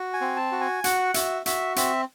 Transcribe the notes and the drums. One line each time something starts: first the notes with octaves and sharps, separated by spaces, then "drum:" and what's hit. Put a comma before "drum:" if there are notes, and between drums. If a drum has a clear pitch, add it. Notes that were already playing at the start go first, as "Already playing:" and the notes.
Already playing: F#4
G#5
C4
A5
F#4
G#5
F#4 F#5, drum: hi-hat
F#4 E5, drum: hi-hat
F#4 E5, drum: hi-hat
C4 E5, drum: hi-hat